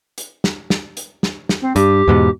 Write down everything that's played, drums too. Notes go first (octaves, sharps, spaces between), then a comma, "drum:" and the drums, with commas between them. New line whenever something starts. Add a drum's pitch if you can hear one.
drum: hi-hat
drum: snare
drum: snare
drum: hi-hat
drum: snare
drum: snare
C4
G2 G4, drum: hi-hat
E2 G#2 B2